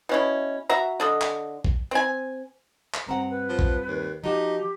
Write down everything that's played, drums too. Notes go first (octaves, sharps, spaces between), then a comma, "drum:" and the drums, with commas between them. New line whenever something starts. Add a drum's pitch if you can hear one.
B2 C#4 E4
F#4 E5 A#5
D3 A4 D#5
drum: clap
drum: kick
C4 G#5
drum: clap
G2 C4 F#5 A#5
B4
F3
drum: kick
D#2
F3 D#4 F#4 G4